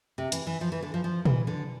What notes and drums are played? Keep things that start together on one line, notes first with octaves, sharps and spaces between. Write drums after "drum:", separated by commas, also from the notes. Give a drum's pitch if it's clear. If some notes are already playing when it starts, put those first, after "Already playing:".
C3
E3, drum: hi-hat
E3
F3
E3
D3
F3
F3
E3, drum: tom A#2
D3